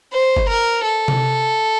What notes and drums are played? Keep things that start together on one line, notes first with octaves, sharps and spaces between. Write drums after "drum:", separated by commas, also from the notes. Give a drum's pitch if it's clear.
C5
drum: kick F#1
A#4
A4
drum: tom C3